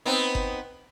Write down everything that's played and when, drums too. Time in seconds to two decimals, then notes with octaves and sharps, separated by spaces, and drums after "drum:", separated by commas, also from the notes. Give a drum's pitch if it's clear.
0.05 B3 C4 D#4
0.35 drum: kick G1